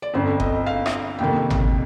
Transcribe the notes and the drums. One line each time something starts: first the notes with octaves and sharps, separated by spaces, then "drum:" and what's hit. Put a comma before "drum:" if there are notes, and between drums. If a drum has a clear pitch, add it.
D5
G1 F2 D3 C5
D#5, drum: kick G1
F5
drum: rim click
F1 F2 C3 D#3 A#3 G5
drum: tom G#1